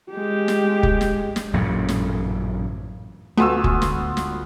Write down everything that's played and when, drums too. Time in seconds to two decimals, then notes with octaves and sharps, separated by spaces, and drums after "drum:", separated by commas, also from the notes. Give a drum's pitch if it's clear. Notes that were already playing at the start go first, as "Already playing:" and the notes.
0.11 G#3 G4
0.48 drum: snare
0.83 drum: kick
1.01 drum: snare
1.36 drum: snare
1.53 A1 F#2 A#2 C#3
1.89 drum: snare
3.38 D2 A3 B3 F4 F#4 G#5 E6
3.64 drum: kick
3.82 drum: snare
4.17 drum: snare